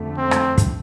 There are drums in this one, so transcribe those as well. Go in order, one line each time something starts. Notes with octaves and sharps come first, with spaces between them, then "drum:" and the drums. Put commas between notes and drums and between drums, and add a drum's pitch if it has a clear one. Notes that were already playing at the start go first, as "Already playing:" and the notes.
Already playing: F2 D3 A3
C4
drum: rim click
drum: kick, hi-hat